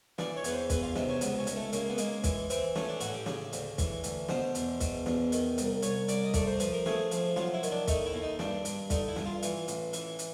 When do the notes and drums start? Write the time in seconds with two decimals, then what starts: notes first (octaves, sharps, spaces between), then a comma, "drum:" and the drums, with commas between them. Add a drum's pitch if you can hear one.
0.18 E3 D5, drum: snare
0.36 C#5
0.44 E2 B4, drum: hi-hat
0.52 C5
0.70 E2 B4, drum: kick, hi-hat
0.83 F4
0.95 C3 D#4, drum: snare
1.09 C#4
1.21 C#2 B3, drum: hi-hat
1.38 C#4
1.47 C#2, drum: hi-hat
1.56 A3
1.73 C#3 A#3, drum: hi-hat
1.89 B3
1.98 G#3 A#3, drum: hi-hat
2.24 E3, drum: kick, hi-hat
2.50 E3 C4, drum: hi-hat
2.75 A3 C#4, drum: snare
2.88 D4
3.00 A1 F#4, drum: hi-hat
3.13 G4
3.26 C#3, drum: snare
3.53 D2, drum: hi-hat
3.78 E3, drum: kick, hi-hat
4.04 D2, drum: hi-hat
4.29 B2 C5, drum: snare
4.55 E2, drum: hi-hat
4.80 B2, drum: kick, hi-hat
5.06 E2, drum: snare
5.32 D#3, drum: hi-hat
5.58 C2, drum: hi-hat
5.82 C2 C#5, drum: hi-hat
6.08 C2 D5, drum: hi-hat
6.24 D#5
6.34 A3 D5, drum: kick, hi-hat
6.46 C5
6.60 F3 B4, drum: hi-hat
6.73 A#4
6.86 A3 G#4, drum: snare
7.11 F3, drum: hi-hat
7.36 F#3 F4, drum: snare
7.54 E4
7.63 D#3, drum: hi-hat
7.72 D4
7.87 A3 D#4, drum: kick, hi-hat
8.06 E4
8.13 D#2
8.22 D#4
8.39 G2 D4, drum: snare
8.65 G2, drum: hi-hat
8.90 D3 D#4, drum: kick, hi-hat
9.08 E4
9.16 G2, drum: snare
9.25 F4
9.42 E3, drum: hi-hat
9.68 A1, drum: hi-hat
9.93 E3, drum: hi-hat
10.19 drum: hi-hat